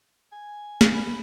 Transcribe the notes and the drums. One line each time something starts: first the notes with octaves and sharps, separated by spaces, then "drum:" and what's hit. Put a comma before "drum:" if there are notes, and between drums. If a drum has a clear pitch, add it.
G#5
drum: snare
B4 B5